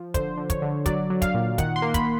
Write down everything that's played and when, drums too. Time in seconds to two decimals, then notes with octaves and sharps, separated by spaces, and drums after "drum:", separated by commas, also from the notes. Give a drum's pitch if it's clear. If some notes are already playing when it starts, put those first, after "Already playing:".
Already playing: F3
0.14 D3 C5, drum: kick, hi-hat
0.37 D3
0.50 C#5, drum: kick, hi-hat
0.62 D3
0.86 F#3 D5, drum: kick, hi-hat
1.10 F#3
1.22 F5, drum: kick, hi-hat
1.34 A#2
1.58 D#3 F#5, drum: kick, hi-hat
1.76 C6
1.82 A#3
1.94 B5, drum: kick, hi-hat